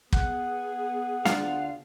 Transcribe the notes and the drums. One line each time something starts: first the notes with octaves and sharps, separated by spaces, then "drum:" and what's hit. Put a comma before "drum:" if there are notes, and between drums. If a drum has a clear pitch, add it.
B3 G#4 F#5, drum: kick
D2 D4 F4 F5, drum: snare